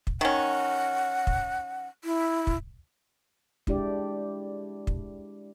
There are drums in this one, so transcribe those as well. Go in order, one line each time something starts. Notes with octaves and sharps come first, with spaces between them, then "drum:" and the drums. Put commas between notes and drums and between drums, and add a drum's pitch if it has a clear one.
drum: kick
D#3 C#4 F#5
drum: kick
E4
drum: kick
G#3 D4 E4 G4 D5, drum: kick
drum: kick